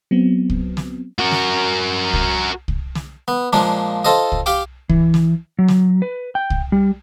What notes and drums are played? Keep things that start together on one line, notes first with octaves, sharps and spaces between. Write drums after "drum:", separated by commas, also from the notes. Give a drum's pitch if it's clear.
F#3 B3 C4
drum: kick C2
drum: snare
F#4 A#4
drum: snare
drum: kick C2
drum: kick C2
drum: snare
B3
A#2 F3 G#3 A#3 D4, drum: snare
F4 A4 C5 D#5
drum: kick C2
G4 F5 G5 D6
E3, drum: kick C2
drum: snare
F#3
drum: snare
B4
G5
drum: kick C2
G3